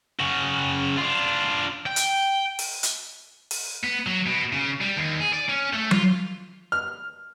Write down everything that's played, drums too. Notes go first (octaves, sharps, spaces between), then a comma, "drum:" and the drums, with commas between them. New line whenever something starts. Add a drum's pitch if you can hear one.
C#3 F#4
D4 F4
G5
drum: hi-hat
drum: open hi-hat
drum: hi-hat
drum: open hi-hat
B3
F#3
B2
C#3
G3
D#2
G#4
D5
C#4
A3
F4, drum: tom F#3
F6